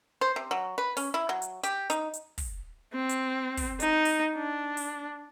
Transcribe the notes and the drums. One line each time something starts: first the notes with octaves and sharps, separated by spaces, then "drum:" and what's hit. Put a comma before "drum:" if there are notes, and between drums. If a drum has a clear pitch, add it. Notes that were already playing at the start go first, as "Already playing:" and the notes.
C5
C3
F#3
B4
C#4, drum: open hi-hat
E4
F#3
drum: hi-hat
G4, drum: hi-hat
D#4, drum: hi-hat
drum: hi-hat
drum: kick, open hi-hat
C4
drum: hi-hat
drum: kick, open hi-hat
D#4, drum: hi-hat
drum: open hi-hat
D4
drum: open hi-hat